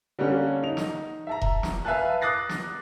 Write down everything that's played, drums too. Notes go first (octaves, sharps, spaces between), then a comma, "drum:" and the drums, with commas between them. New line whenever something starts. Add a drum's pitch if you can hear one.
D3 G3 A#3 C#4
D#4 F7
drum: snare
E5 A5 A#5
drum: kick E1
drum: snare
B4 E5 F5 G#5 A5 F#6
D6 D#6 F#6 A6 A#6 C7
drum: snare